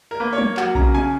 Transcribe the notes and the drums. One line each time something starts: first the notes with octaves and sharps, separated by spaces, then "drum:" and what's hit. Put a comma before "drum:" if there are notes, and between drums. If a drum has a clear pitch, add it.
A#4
A#3 B4
C#5
A#3, drum: tom
F#3 F#5, drum: clap
C#3 A#5, drum: kick A#1
C#3 G#5